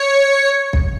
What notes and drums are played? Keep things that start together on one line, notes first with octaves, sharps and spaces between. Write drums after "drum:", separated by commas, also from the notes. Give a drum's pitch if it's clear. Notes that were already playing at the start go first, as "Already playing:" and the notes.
Already playing: C#5
drum: kick B1